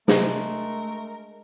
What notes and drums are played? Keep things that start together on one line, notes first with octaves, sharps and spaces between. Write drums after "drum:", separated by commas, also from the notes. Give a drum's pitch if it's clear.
C3 G#3 A3 D4 A#4, drum: snare